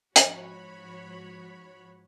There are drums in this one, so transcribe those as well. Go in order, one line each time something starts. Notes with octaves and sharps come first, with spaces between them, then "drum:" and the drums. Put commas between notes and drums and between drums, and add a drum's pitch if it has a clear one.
G#2 F3 F#4 C#5 B5, drum: hi-hat